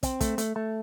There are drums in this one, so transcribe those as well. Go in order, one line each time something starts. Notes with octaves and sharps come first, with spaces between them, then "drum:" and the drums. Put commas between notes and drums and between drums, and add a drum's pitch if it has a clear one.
C4, drum: kick, hi-hat
A3, drum: kick, hi-hat
A3, drum: hi-hat
A3